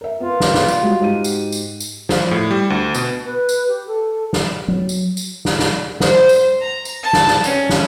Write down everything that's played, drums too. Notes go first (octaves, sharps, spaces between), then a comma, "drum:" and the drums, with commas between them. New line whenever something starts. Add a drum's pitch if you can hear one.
A#4 E5
B3 F4
drum: snare
drum: snare
drum: tambourine
G3 G#3 F#4
G#2 G4 D#7
drum: tambourine
drum: tambourine
drum: tambourine
F3, drum: snare
A2
G3
D2
B2, drum: tambourine
B4
drum: tambourine
G4
A4
drum: snare
F#3
drum: tambourine
drum: tambourine
drum: snare
drum: snare
C5, drum: snare
drum: tambourine
A#5
drum: tambourine
A5
drum: snare
drum: snare
C#4, drum: tambourine
drum: snare